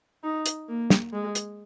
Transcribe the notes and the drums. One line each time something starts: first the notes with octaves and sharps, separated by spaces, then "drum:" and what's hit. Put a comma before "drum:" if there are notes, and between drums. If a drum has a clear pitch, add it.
D#4
drum: hi-hat
A#3
drum: snare
G#3
drum: hi-hat